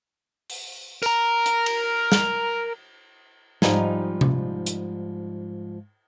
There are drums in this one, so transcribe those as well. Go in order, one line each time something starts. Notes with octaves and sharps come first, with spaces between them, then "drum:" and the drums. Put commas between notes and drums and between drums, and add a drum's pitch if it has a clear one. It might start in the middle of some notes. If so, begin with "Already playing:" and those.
drum: open hi-hat
A#4 A#5, drum: tambourine
drum: hi-hat
drum: cymbal
drum: snare
G#2 F3 G3 D#4 G#5, drum: snare
drum: tom C3
drum: hi-hat